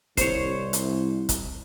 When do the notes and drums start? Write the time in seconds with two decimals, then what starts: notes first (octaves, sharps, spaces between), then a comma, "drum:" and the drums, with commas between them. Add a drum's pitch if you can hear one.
0.17 C2 C5 C#5, drum: kick, hi-hat
0.73 drum: hi-hat
1.29 drum: kick, hi-hat